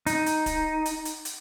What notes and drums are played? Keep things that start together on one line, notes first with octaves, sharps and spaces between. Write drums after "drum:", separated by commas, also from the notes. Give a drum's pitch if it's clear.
D#4, drum: hi-hat
drum: hi-hat
drum: kick D1, hi-hat
drum: hi-hat
drum: hi-hat
drum: hi-hat